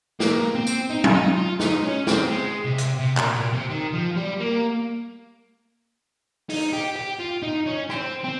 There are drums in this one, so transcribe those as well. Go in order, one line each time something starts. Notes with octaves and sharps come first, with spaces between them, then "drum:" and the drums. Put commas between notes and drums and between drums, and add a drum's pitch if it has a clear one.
A#3, drum: snare
C4
drum: tambourine
D#4
drum: tom F#3
D#4
F4
D#4, drum: snare
C#4
C4, drum: snare
G#3
C3
drum: hi-hat
C3
A#2, drum: clap
A#2
C3
D#3
F3
G3
A#3
D#4, drum: open hi-hat
G4
G4
F4
D#4
C#4
C4, drum: rim click
C4